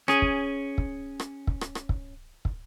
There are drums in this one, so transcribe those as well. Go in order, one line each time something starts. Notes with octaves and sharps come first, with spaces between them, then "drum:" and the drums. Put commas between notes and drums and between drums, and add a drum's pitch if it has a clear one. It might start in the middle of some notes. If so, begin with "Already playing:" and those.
C#4 G#4, drum: rim click
drum: kick
drum: kick
drum: rim click
drum: kick
drum: rim click
drum: rim click
drum: kick
drum: kick